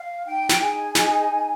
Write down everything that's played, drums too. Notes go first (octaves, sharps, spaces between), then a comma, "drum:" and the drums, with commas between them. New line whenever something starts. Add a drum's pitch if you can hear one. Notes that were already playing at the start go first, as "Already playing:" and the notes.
Already playing: F5
D#4 G5
drum: snare
G#4 G#5
D#4, drum: snare
D#4